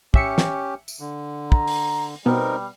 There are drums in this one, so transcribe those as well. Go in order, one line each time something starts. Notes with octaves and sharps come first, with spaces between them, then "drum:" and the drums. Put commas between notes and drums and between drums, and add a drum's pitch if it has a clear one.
A1 C#4 G4 E5 C#7, drum: kick
drum: snare
drum: tambourine
D3
A#5, drum: kick
drum: open hi-hat
B2 G3 B3 C4 D#4 A#4